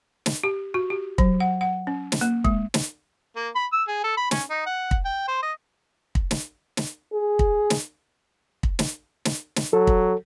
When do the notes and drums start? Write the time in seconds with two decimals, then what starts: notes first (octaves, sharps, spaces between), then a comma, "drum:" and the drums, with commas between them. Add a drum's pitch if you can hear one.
0.26 drum: snare
0.44 G4
0.74 F#4
0.90 G4
1.18 F#3, drum: kick
1.40 F#5
1.61 F#5
1.87 C#4
2.12 drum: snare
2.21 A#3
2.44 G#3, drum: kick
2.74 drum: snare
3.36 A#3
3.55 B5
3.72 E6
3.88 G#4
4.04 A4
4.17 B5
4.31 C#4, drum: snare
4.50 D#4
4.66 F#5
4.91 drum: kick
5.05 G5
5.28 C5
5.43 D#5
6.15 drum: kick
6.31 drum: snare
6.77 drum: snare
7.13 G#4
7.39 drum: kick
7.70 drum: snare
8.63 drum: kick
8.79 drum: snare
9.25 drum: snare
9.56 drum: snare
9.73 F#3 A4
9.87 drum: kick